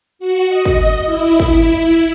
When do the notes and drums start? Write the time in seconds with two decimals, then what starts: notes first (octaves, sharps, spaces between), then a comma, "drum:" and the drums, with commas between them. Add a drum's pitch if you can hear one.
0.19 F#4
0.48 D#5
0.65 drum: kick
1.05 E4
1.40 drum: kick